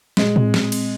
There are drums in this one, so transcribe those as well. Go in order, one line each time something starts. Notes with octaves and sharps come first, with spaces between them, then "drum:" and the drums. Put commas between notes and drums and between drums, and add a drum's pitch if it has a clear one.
A#2 G#3, drum: snare
C4, drum: tom A2
C4, drum: snare
C4, drum: cymbal